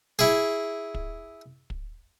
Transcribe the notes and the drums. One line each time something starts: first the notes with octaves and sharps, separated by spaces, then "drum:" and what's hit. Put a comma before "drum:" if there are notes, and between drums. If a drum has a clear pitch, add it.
E4 G#4
drum: kick
drum: kick